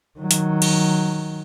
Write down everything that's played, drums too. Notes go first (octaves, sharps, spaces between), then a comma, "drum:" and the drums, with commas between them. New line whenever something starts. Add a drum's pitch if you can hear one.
D#3 F#3
drum: hi-hat
drum: cymbal